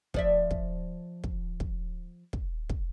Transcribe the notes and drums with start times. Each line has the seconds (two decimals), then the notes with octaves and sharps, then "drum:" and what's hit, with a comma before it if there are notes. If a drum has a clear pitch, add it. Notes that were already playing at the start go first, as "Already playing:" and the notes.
0.14 F3 D5 E5, drum: kick
0.51 drum: kick
1.24 drum: kick
1.60 drum: kick
2.33 drum: kick
2.70 drum: kick